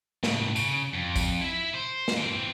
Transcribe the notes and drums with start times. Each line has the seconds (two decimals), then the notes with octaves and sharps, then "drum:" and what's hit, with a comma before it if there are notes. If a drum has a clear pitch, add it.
0.23 A2 C#3, drum: snare
0.56 C#3, drum: tambourine
0.94 F2
1.16 drum: kick, tambourine
1.41 E4 E5
1.74 C5
2.08 drum: snare
2.17 E3 C4